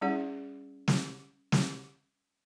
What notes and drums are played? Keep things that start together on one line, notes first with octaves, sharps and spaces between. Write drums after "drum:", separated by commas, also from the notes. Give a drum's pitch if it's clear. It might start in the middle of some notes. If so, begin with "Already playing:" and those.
G3 C#4 E4 G#4 D5 F#5
drum: snare
drum: snare